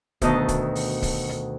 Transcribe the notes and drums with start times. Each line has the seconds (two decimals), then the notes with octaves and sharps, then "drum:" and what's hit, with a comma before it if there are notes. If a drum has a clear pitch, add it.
0.22 D2 B2 D#3 D#5 A5, drum: kick C#1, hi-hat
0.48 drum: kick C#1, hi-hat
0.75 drum: open hi-hat
1.02 drum: kick C#1, open hi-hat
1.29 drum: snare